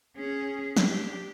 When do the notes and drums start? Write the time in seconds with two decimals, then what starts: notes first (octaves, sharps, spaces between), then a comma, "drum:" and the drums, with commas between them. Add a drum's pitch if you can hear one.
0.17 C#4 G#4
0.77 D4 G4, drum: snare